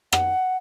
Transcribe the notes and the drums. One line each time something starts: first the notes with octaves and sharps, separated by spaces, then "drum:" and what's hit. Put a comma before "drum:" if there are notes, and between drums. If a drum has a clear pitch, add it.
F#5, drum: rim click